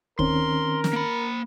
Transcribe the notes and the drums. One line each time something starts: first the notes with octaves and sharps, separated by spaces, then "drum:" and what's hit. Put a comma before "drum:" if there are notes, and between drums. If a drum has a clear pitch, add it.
D#3 C4 C#4 A#4 C6, drum: kick
drum: snare
A#3 B5